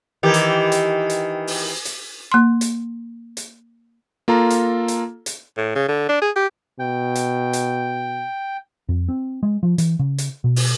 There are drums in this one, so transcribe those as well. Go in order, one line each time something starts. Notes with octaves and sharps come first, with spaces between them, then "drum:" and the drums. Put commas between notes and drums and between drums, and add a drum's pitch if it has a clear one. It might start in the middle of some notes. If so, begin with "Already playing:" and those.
D#3 E3 G4
drum: hi-hat
drum: hi-hat
drum: hi-hat
drum: open hi-hat
drum: hi-hat
A#3 C6
drum: hi-hat
drum: hi-hat
A#3 F4 A4 A#5
drum: hi-hat
drum: hi-hat
drum: hi-hat
A2
C#3
D3
D4
G#4
G4
B2 G5
drum: hi-hat
drum: hi-hat
F2
C4
G#3
F3
E3, drum: hi-hat
C#3
drum: hi-hat
B2
drum: open hi-hat